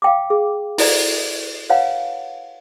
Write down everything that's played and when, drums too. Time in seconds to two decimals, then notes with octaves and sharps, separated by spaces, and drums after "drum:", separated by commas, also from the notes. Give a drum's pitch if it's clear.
0.02 F5 G5 D6
0.30 G#4
0.78 E4 A4 D5 A#5, drum: open hi-hat
1.69 B4 C#5 F5 F#5 A#5